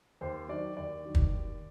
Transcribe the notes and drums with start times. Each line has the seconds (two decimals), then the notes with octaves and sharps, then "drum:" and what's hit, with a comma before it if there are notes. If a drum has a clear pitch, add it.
0.21 D#2 C5
0.48 D#3 F#3 D5
0.77 D#2 D5
1.05 D#3 F#3
1.15 drum: kick
1.33 D#2